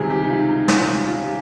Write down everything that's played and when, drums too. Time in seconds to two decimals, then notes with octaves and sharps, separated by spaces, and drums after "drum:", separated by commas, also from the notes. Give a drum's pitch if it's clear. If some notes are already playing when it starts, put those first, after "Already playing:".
Already playing: C#2 C3 D#3 G3 G#4
0.10 G4
0.24 D#4
0.30 F4
0.49 D#4
0.68 C#4, drum: snare
0.88 F4
1.07 F4
1.25 G4